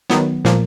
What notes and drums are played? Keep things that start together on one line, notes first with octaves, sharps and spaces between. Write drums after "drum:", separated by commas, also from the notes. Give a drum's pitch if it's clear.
D#3 F#3 B3, drum: snare
A#2 F3 A#3, drum: snare